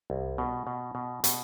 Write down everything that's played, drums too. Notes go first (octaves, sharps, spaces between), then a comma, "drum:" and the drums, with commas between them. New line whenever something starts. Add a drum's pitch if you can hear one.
C2
B2
B2
B2
B2, drum: hi-hat